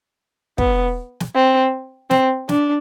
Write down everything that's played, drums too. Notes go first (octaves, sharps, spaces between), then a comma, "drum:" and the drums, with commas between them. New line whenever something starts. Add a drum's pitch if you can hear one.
B3, drum: kick
drum: snare
C4
C4, drum: snare
D4, drum: snare